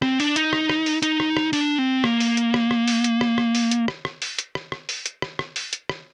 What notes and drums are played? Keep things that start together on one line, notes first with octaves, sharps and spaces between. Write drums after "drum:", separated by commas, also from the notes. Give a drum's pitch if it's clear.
C4, drum: rim click
D4, drum: open hi-hat
D#4, drum: hi-hat
drum: rim click
drum: rim click
drum: open hi-hat
D#4, drum: hi-hat
drum: rim click
drum: rim click
D4, drum: open hi-hat
C4
A#3, drum: rim click
drum: open hi-hat
drum: hi-hat
drum: rim click
drum: rim click
drum: open hi-hat
drum: hi-hat
drum: rim click
drum: rim click
drum: open hi-hat
drum: hi-hat
drum: rim click
drum: rim click
drum: open hi-hat
drum: hi-hat
drum: rim click
drum: rim click
drum: open hi-hat
drum: hi-hat
drum: rim click
drum: rim click
drum: open hi-hat
drum: hi-hat
drum: rim click